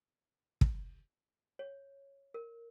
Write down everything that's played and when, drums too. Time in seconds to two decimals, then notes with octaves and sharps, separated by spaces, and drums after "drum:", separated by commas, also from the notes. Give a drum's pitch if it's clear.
0.61 drum: kick
1.59 C#5
2.34 A#4